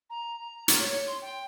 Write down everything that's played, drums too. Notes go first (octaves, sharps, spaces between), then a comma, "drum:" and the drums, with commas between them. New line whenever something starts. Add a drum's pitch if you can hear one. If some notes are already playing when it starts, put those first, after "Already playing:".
A#5
A#5
A6, drum: hi-hat
C#5
C6
G5